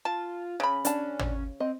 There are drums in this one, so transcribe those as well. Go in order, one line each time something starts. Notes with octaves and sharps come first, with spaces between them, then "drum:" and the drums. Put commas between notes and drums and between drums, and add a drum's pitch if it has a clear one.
F4 A5
C#3 C#4 B5
C#4 D4 A5, drum: hi-hat
drum: tom
C4 D#5